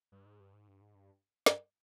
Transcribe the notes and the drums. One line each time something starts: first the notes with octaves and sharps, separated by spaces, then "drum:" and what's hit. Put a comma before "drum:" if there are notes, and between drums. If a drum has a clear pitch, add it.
G2
G#2
G2
G#2
G2
G#2
G2
G2, drum: snare